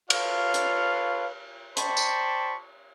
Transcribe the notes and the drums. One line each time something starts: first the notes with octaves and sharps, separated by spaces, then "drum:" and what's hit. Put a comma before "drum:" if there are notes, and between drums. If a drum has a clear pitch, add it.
F4 A4 B4 C#5 F5, drum: cymbal
drum: hi-hat
C5 D5 G5 A5 B5 C#6, drum: hi-hat
drum: tambourine